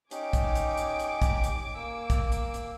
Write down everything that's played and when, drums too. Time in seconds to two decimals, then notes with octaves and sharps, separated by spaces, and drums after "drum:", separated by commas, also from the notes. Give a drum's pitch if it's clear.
0.11 C#4 D#4 G4 G#5 D6, drum: hi-hat
0.33 drum: kick, hi-hat
0.55 drum: hi-hat
0.77 drum: hi-hat
1.00 drum: hi-hat
1.22 drum: kick, hi-hat
1.44 drum: hi-hat
1.75 A#3 E6
2.10 drum: kick, hi-hat
2.32 drum: hi-hat
2.54 drum: hi-hat